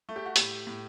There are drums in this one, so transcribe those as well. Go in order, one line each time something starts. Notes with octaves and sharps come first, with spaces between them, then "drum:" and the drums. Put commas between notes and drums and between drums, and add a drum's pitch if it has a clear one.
A3
G4
F#4
A2 G4, drum: hi-hat
A2